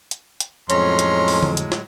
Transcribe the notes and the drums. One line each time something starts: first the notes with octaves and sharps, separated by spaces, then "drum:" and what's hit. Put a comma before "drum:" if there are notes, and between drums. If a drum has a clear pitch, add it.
drum: hi-hat
drum: hi-hat
F2 A2 F#3 G#3 C#4 A#5 C6, drum: hi-hat
drum: hi-hat
drum: open hi-hat
drum: tom D3
drum: hi-hat
drum: snare